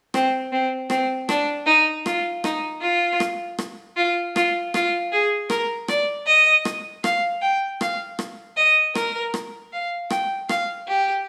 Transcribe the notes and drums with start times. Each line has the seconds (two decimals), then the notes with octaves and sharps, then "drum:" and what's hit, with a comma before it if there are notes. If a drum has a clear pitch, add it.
0.14 C4, drum: rim click
0.52 C4
0.90 C4, drum: rim click
1.29 D4, drum: rim click
1.66 D#4
2.06 F4, drum: rim click
2.44 D#4, drum: rim click
2.81 F4
3.20 drum: rim click
3.58 drum: rim click
3.97 F4
4.36 F4, drum: rim click
4.74 F4, drum: rim click
5.12 G#4
5.50 A#4, drum: rim click
5.88 D5, drum: rim click
6.27 D#5
6.65 drum: rim click
7.04 F5, drum: rim click
7.41 G5
7.81 F5, drum: rim click
8.19 drum: rim click
8.57 D#5
8.95 A#4, drum: rim click
9.34 drum: rim click
9.73 F5
10.10 G5, drum: rim click
10.49 F5, drum: rim click
10.88 G4